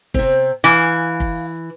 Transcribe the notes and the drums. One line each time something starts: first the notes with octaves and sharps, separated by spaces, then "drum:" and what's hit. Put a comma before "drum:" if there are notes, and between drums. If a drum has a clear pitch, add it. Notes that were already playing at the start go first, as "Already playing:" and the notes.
C3 C4, drum: kick
E3 F5 G#5
drum: kick